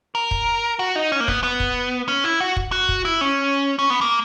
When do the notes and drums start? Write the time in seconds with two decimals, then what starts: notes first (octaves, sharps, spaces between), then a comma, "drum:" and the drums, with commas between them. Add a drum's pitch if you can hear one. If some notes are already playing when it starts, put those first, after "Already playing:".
0.15 A#4
0.31 drum: kick
0.79 F#4
0.96 D#4
1.12 C#4
1.20 A#3
1.28 B3, drum: kick
1.43 B3
1.60 drum: kick
2.08 C#4
2.24 E4
2.40 F#4
2.57 drum: kick
2.72 F#4
2.89 drum: kick
3.05 E4
3.21 C#4
3.79 C#4
3.90 B3
4.01 A#3